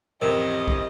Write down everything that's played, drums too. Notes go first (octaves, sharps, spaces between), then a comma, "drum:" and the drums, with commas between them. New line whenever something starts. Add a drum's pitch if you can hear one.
A1 F2 C3 A#4 D#5
drum: kick